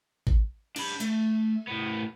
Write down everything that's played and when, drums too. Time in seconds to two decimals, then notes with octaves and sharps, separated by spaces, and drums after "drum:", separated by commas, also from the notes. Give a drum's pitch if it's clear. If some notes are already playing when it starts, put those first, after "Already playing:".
0.27 drum: kick G#1
0.76 D4 B5, drum: cymbal
1.00 A3, drum: hi-hat
1.67 A2 B3